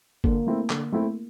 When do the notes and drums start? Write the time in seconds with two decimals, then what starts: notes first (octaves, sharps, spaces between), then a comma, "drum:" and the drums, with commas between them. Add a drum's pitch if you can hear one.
0.24 D3 A#3, drum: kick G1
0.47 A3 C4 E4
0.70 D3, drum: clap
0.92 A3 C4 E4